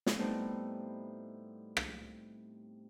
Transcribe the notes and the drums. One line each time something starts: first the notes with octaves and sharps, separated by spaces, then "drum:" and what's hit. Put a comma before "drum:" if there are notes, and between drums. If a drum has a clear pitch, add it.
drum: snare
A2 G3 A3 B3 C4 D#4
drum: rim click